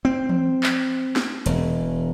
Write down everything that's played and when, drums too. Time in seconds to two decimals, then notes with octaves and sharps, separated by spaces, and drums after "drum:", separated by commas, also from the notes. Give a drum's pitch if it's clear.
0.05 C4
0.29 drum: tom E3
0.63 drum: clap
1.16 drum: snare
1.46 E1, drum: hi-hat